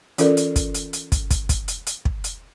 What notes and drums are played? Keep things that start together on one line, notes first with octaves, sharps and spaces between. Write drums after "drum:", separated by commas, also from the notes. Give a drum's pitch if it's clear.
E3 C#4 F4 A4 A#4 D5, drum: hi-hat
drum: hi-hat
drum: kick, hi-hat
drum: hi-hat
drum: hi-hat
drum: kick, hi-hat
drum: kick, hi-hat
drum: kick, hi-hat
drum: hi-hat
drum: hi-hat
drum: kick
drum: hi-hat